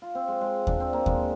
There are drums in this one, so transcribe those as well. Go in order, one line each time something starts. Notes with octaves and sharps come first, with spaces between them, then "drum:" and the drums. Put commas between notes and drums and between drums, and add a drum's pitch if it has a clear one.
F4
C4
G#3
G#3
D4, drum: kick D#2
C4
A#3
G#3, drum: kick D#2